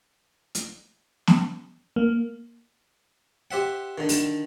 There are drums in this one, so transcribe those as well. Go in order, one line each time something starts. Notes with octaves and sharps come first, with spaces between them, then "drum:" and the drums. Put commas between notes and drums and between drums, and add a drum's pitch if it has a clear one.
drum: hi-hat
drum: snare
A#3
G4 C5 E5 F#5
D3 D#3
drum: open hi-hat